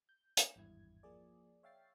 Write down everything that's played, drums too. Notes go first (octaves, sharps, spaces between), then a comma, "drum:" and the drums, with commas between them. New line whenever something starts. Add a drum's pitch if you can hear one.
G6
drum: hi-hat
G#1 E2 G2 E4 G#6
F3 A#3 G#4 D5
C#5 E5 F5 G5 A6 C7